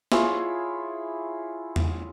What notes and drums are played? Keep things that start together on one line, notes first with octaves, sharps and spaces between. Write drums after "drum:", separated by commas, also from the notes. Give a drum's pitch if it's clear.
E4 F4 G#4 C#5, drum: snare
drum: tom E2